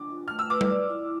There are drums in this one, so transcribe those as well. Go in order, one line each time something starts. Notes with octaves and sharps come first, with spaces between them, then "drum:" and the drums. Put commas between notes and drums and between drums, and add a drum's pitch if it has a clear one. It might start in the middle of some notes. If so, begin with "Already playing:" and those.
Already playing: D4 D6
F4
A3 F6
E6
B4 D6
drum: tom G3
D5
E4